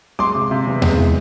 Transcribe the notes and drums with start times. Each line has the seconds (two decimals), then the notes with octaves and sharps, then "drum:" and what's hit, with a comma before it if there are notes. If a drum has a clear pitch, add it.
0.19 G#3 C6 D6
0.35 C3
0.51 C3
0.67 E2
0.82 G#3, drum: tom D#2
0.97 E3